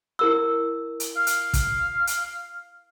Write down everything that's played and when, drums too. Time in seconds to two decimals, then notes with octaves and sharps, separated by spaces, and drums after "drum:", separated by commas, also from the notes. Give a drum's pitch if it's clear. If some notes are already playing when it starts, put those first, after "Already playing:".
0.19 E4 A#4 E6
1.00 drum: hi-hat
1.16 F5
1.27 drum: hi-hat
1.54 drum: kick, hi-hat
2.07 drum: hi-hat